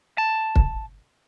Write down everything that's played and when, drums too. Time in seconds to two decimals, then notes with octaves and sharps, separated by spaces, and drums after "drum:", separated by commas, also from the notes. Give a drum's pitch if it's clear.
0.18 A5
0.56 drum: kick